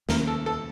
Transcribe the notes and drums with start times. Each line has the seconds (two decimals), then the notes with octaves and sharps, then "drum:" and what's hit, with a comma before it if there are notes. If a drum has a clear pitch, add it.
0.09 D#2 D#3 A#3 C#4 A#4, drum: snare
0.27 A4
0.46 A4